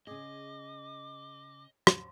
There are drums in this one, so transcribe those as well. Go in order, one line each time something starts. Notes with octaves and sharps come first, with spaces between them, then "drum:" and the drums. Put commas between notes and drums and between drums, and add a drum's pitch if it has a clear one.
C#3 G#4 D#5 D6
drum: rim click